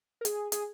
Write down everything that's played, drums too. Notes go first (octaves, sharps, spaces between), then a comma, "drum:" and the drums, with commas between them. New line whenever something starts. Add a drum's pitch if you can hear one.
A#4
G#4, drum: hi-hat
G#4, drum: hi-hat